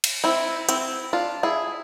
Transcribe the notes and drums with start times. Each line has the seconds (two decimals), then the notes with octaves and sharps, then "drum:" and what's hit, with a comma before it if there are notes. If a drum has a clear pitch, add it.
0.04 drum: cymbal
0.24 C4 E4
0.69 C4 E4, drum: hi-hat
1.13 D4 F4
1.43 E4 G#4